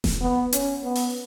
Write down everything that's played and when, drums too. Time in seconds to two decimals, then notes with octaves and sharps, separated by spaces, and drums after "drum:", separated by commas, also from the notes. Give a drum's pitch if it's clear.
0.04 drum: snare E1
0.21 B3
0.53 C#4, drum: hi-hat
0.83 B3
0.95 drum: open hi-hat